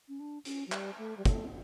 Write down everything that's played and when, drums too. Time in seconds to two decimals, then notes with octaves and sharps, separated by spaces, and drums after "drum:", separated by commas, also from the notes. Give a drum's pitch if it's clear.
0.08 C#4
0.20 D4
0.45 C#4, drum: hi-hat
0.67 F#3
0.72 G3, drum: clap
0.98 A3
1.17 G3
1.25 A3, drum: kick, hi-hat